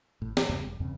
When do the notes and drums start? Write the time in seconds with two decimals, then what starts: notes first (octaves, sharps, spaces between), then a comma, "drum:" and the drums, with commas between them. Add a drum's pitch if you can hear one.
0.22 G#1 A2
0.37 E3, drum: snare
0.49 E2 G2 C#3 A#3
0.65 E1
0.80 E2 G2 C#3 C4